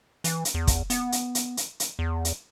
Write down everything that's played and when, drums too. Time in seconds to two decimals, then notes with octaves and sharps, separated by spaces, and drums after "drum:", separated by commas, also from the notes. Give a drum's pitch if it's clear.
0.24 E3, drum: hi-hat
0.45 drum: hi-hat
0.54 E2
0.67 drum: kick, hi-hat
0.90 B3, drum: hi-hat
1.12 drum: hi-hat
1.35 drum: hi-hat
1.57 drum: hi-hat
1.80 drum: hi-hat
1.99 E2
2.25 drum: hi-hat